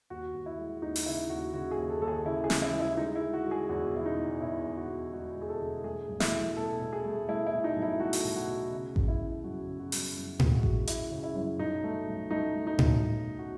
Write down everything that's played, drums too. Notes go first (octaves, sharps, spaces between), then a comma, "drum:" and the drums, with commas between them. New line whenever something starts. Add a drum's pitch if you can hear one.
D#2 F#4
D#2
E4
G#3
D#2 D#4
drum: open hi-hat
C#3 E4
D#2 F#4
C#3 F#4
G#4
D#2
A4
D#2 A4
G#4
C#3 E4
G#4
C#3, drum: snare
E4
G#3
E4
G#3 D#4
E4
G#3
F#4
G#3
G#4
E2 F#4
B2 E4
D#4
B2
B2 E4
E1
F#4
E2
G#3 F#4
B2
G#4
A4
E1
A3 G#4
B1
E4, drum: snare
A3
B2 A4
B2
G#4
A3
A3 E4
E4
B2
D#4
B1
E4
A3 F#4
drum: open hi-hat
B1
F#4
B2
C#3
C#3, drum: kick A1
E4
C#3
F#2 F#4
C#3
F#4
F#2, drum: open hi-hat
F#2
G#3, drum: tom A2
F#4
G#3, drum: kick A1
G#3 E4, drum: hi-hat
C#3
E4
F#2
B1 D#4
A3
B1
A3 D#4
A3
D#4
B1, drum: tom A2
B1
B2
F#4